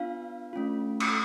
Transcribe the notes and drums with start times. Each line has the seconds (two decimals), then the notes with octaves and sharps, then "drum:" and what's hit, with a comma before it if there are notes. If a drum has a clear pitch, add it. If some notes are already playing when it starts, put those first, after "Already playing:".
Already playing: B3 D4 F4 F5
0.53 A3 C#4 F4
1.00 drum: cymbal